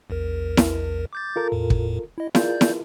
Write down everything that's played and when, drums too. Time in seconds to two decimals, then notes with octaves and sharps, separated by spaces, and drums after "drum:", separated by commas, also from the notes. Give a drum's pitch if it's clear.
0.10 A#1 E2 A#4
0.57 drum: snare E4
1.13 D6 G6 A6
1.36 F4 A4 A#4
1.52 E2 A2
1.70 drum: kick
2.18 E4 D#5
2.35 F4 G#4 A#4 D5 G6, drum: snare E4
2.61 drum: snare E4